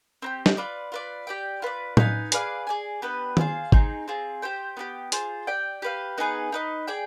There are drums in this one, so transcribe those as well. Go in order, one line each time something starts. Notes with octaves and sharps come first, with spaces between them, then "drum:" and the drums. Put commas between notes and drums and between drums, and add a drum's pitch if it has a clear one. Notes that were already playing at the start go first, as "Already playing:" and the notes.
C4 D#4 G4
drum: snare
F4 B4 D5
F4 B4 D5
G4 D5 G5
F4 B4 D5
D#4 B4 F5 G#5, drum: tom A2
G#4 B4 D5 F5, drum: hi-hat
G#4 D5 G#5
B3 D4 G4 B4
F4 G#4 C5 F5, drum: tom
C4 D#4 G#4, drum: kick G#1
C4 F4 G#4
G4 C5 G5
B3 D4 G4
F4 G#4 C5, drum: hi-hat
G4 D5 G5
G4 B4 F5
B3 D#4 G#4 B4
D#4 B4 D#5
G#4 D5 G5